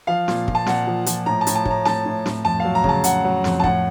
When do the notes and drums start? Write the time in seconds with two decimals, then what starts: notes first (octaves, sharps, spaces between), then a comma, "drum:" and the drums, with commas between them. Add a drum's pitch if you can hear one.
0.07 F3 F5
0.28 A#2, drum: snare
0.48 A#2, drum: kick
0.55 A5
0.66 A#2 F#5, drum: snare
0.87 F3
1.06 F3, drum: hi-hat
1.26 A2 A#5
1.41 A5
1.47 A2, drum: hi-hat
1.55 A5
1.65 A2, drum: kick
1.71 A#5
1.85 A2 A5, drum: snare
2.06 A2
2.26 A2, drum: snare
2.45 F2 A5
2.60 F#3 F5
2.75 A#5
2.84 C#3 A5, drum: kick
3.04 C#3 F#5, drum: hi-hat
3.24 F#3
3.44 F2, drum: snare
3.60 A5
3.64 A2 F#5, drum: kick